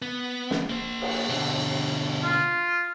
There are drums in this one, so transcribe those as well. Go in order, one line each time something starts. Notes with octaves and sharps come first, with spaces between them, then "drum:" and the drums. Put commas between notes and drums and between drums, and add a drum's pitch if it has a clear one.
B3
drum: snare
A#3 C5
drum: cymbal
B2 D3
F4